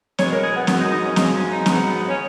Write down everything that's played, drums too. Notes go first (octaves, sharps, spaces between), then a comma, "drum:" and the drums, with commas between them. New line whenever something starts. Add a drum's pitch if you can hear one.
B2 G#3 B3 C#5, drum: snare C4
A#4
G#4
B3
F#2 D#3 G#3 B3 C#4, drum: snare C4
D#4
D#4
C#4
F#2 F3 G#3, drum: snare C4
C#4
D#4
G#2 F#3 B3, drum: snare C4
C#4